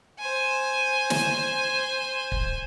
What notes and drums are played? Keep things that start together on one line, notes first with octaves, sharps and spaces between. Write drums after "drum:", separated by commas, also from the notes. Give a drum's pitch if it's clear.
C5 G#5
drum: snare
drum: kick